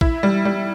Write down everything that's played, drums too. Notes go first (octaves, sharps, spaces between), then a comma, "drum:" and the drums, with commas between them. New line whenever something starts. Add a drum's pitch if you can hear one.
E4, drum: kick A#1
G3
G3